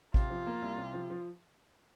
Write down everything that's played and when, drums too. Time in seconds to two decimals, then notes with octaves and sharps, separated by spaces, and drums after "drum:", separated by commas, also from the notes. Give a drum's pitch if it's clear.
0.14 C3 F4, drum: kick A1
0.30 F3
0.46 A#3
0.62 C2
0.78 C3
0.94 F3
1.10 F3